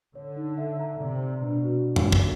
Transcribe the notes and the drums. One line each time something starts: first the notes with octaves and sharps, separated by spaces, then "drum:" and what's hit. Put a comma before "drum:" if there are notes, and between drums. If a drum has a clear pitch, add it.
D3 C#5
D#4
E5
A#5
C3 D5
D5
B2 D4
F#4
drum: tom F#2
drum: kick